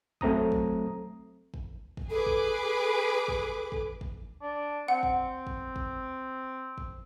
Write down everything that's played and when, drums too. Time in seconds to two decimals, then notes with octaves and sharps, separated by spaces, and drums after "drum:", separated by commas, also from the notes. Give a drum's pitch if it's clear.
0.21 F#3 A3 C4 A#5 D#6, drum: kick
0.52 drum: kick
1.54 drum: kick
1.97 drum: kick
2.10 G#4 A4 B4 D6
2.26 drum: kick
3.28 drum: kick
3.72 drum: kick
4.01 drum: kick
4.42 D4
4.88 C4 F#5
5.03 drum: kick
5.47 drum: kick
5.76 drum: kick
6.78 drum: kick